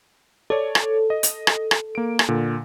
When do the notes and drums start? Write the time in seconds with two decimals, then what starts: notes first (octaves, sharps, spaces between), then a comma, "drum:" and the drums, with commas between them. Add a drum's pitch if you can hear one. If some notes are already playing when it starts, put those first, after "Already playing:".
0.50 A4 C#5 D5
0.75 drum: rim click
1.10 D#5
1.23 drum: hi-hat
1.47 drum: rim click
1.71 drum: rim click
1.95 A#3 D7
2.19 drum: rim click
2.28 A#2 D3